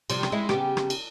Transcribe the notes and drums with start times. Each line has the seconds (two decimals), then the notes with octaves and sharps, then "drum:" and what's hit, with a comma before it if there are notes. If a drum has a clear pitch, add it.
0.10 C3 F3 G3, drum: cymbal
0.23 drum: rim click
0.32 G#3 D#4 E4
0.49 C#3 B3 G4, drum: rim click
0.77 drum: rim click
0.90 drum: cymbal